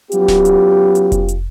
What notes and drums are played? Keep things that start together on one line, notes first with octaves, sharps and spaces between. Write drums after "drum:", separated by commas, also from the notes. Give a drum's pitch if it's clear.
F#3 B3 C#4 F4 G4, drum: hi-hat
drum: snare D1
drum: hi-hat
drum: hi-hat
drum: kick F1, hi-hat
drum: hi-hat